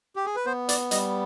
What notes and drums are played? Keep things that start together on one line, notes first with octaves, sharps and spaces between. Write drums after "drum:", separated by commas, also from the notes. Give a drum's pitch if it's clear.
G4
G#4
B4
B3 C5
D5, drum: hi-hat
G3 D#5, drum: hi-hat